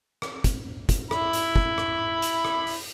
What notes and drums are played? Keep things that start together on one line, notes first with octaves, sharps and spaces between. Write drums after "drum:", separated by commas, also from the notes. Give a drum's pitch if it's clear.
drum: rim click
drum: kick, hi-hat
drum: kick, hi-hat
E4 B5, drum: rim click
drum: hi-hat
drum: kick
drum: rim click
drum: hi-hat
drum: rim click
drum: open hi-hat